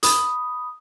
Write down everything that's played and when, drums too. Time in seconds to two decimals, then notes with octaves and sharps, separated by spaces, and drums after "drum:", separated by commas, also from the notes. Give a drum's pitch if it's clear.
0.03 B5 D#6, drum: hi-hat